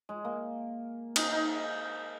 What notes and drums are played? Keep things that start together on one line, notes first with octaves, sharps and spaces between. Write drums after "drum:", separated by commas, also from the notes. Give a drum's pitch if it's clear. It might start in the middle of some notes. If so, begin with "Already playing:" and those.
G#3
A#3
D#4, drum: cymbal
D#4